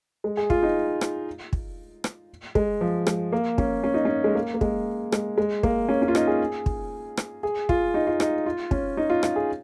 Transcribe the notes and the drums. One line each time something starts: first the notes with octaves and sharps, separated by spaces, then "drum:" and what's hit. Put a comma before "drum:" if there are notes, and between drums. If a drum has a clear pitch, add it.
G#3
G#4
F4, drum: kick
D#4
drum: rim click
drum: kick
drum: rim click
G#3, drum: kick
F3
G#3, drum: rim click
A#3
C#4, drum: kick
C#4
D#4
C#4
G#3
A#3
A#3
G#3, drum: kick
G#3, drum: rim click
G#3
A#3, drum: kick
C#4
C#4
F4
D#4, drum: rim click
G#4
drum: kick
drum: rim click
G#4
F4, drum: kick
D#4
F4
D#4, drum: rim click
F4
C#4, drum: kick
D#4
F4
F4, drum: rim click
G#4